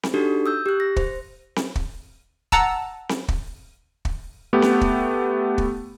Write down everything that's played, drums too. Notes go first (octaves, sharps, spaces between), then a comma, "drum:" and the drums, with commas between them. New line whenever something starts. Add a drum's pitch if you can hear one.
drum: snare C4
D4 D#4 F#4 G4 A4
D#6 E6 G6
G4 F#6
A#6
C5, drum: kick
drum: snare C4
drum: kick
F#5 A5 A#5 E6, drum: kick
drum: snare C4
drum: kick
drum: kick
A3 B3 G4 F#5
drum: snare C4
drum: kick
drum: kick